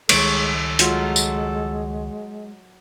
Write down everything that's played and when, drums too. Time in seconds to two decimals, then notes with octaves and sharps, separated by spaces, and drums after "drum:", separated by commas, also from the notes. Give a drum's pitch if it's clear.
0.09 C#2 D#3 G3 G#3 A4 C#5, drum: cymbal
0.79 F#3 G#3 F4, drum: hi-hat
1.16 drum: tambourine